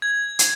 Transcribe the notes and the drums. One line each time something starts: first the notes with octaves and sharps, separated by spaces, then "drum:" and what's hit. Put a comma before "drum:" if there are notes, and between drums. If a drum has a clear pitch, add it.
G#6
drum: hi-hat